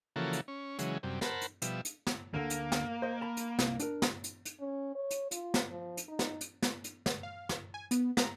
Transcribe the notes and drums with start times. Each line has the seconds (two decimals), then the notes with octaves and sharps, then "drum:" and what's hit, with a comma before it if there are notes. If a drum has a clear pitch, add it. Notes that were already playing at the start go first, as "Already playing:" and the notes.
0.16 C#3 E3 F3 A#3 F#4 A4
0.33 drum: hi-hat
0.48 C#4
0.79 C#3 E3 F#3 G#3, drum: hi-hat
1.03 F#2 C3 G3
1.21 A#4 C5 F#5 A5 B5, drum: snare
1.41 drum: hi-hat
1.62 B2 F3 G3 E5, drum: hi-hat
1.85 drum: hi-hat
2.07 drum: snare
2.34 D2 D3 A#3
2.50 drum: hi-hat
2.72 drum: snare
3.02 C5 D#5
3.21 A5 B5
3.37 drum: hi-hat
3.59 C2, drum: snare
3.80 D4 A#4, drum: hi-hat
4.02 drum: snare
4.24 drum: hi-hat
4.45 drum: hi-hat
4.60 C#4
4.95 C#5
5.11 drum: hi-hat
5.31 F4, drum: hi-hat
5.54 drum: snare
5.70 F3
5.97 drum: hi-hat
6.08 D#4
6.19 drum: snare
6.41 drum: hi-hat
6.62 drum: snare
6.84 drum: hi-hat
7.06 drum: snare
7.23 F5
7.49 drum: snare
7.74 G#5
7.91 B3, drum: hi-hat
8.17 A#5, drum: snare